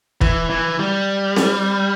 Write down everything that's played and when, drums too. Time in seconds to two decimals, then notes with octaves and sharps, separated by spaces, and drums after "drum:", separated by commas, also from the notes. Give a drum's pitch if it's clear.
0.21 E3, drum: kick
0.50 E3
0.79 G3
1.36 drum: snare C4